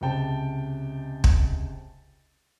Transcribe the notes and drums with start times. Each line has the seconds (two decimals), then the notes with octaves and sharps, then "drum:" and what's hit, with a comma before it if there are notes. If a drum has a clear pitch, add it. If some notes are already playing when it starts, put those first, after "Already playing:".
0.01 C#2 C3 G5 A5
1.24 drum: kick